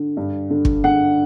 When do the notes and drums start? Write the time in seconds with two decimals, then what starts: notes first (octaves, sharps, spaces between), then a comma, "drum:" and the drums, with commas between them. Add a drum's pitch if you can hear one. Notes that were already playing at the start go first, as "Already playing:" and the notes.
Already playing: D3
0.17 G2
0.50 D3
0.65 drum: kick
0.84 D3 F#5